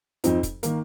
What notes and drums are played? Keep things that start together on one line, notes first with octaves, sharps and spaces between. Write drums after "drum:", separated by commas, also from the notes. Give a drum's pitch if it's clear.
F2 F3 C4 D#4, drum: hi-hat
drum: kick F1, hi-hat
D#3 A#3, drum: hi-hat